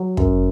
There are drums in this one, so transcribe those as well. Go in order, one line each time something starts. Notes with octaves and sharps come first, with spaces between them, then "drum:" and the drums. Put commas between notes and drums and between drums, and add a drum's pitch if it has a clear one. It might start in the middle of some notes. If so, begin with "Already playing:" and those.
Already playing: F#3
F#2, drum: kick